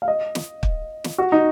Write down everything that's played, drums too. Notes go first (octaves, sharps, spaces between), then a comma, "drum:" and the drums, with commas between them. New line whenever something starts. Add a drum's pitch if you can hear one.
F5
D#5
drum: snare
drum: kick
drum: snare
F#4
D#4